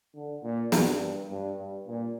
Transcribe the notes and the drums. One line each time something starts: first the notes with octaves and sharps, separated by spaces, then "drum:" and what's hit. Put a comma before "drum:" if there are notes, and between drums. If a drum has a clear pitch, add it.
D3
A#2
G2, drum: snare
G2
G2
A#2